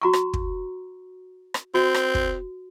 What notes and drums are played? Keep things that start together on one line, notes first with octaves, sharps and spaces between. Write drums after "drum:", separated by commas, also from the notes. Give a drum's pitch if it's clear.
F#4 A#5 C#6
drum: rim click
drum: kick
drum: rim click
C4 F#4
drum: rim click
drum: kick